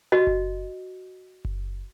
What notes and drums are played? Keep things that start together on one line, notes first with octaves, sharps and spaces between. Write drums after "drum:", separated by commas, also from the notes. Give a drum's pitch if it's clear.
F#4 D#5
drum: kick F#1
drum: kick F#1